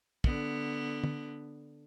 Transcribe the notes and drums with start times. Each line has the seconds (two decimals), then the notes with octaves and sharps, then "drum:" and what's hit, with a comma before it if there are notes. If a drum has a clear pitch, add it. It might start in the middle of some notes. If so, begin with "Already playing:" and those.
0.24 D3 B3, drum: kick
1.04 drum: tom